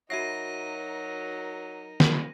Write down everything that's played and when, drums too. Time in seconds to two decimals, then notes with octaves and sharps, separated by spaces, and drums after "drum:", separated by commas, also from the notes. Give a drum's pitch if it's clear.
0.10 F#3 D#4 F#4 A#4 E5 A#6 C7 D#7
2.00 drum: snare